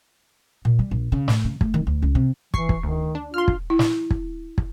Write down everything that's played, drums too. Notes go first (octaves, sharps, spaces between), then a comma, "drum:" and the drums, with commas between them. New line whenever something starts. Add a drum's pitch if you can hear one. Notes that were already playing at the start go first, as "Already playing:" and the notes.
A#2
G3
A#1
C#3
A2, drum: snare
C#3
A3, drum: kick
D#3
D2
C#2
C3
E3 C#6 C7, drum: kick
drum: kick
D2 D#3
D4
F4 C6 F6
drum: kick
E4
drum: snare
drum: kick
drum: kick